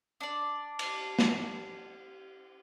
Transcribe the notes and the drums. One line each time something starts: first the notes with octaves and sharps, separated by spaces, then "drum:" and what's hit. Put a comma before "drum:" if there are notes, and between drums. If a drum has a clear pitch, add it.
D4 D5
drum: cymbal
drum: snare